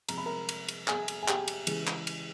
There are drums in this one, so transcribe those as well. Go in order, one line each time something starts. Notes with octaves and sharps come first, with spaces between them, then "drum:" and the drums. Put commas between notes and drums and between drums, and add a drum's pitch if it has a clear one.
C3 F3 G#3 A#5, drum: cymbal
B5
A#4 A#5
drum: cymbal
drum: cymbal
G#4 G#5, drum: clap
drum: cymbal
G#5
G4 G5, drum: clap
drum: cymbal
C#3 E3 G#3, drum: cymbal
drum: clap
drum: cymbal